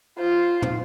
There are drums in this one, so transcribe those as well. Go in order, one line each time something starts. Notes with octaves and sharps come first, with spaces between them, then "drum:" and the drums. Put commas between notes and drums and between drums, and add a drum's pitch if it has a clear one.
F4 C5
drum: tom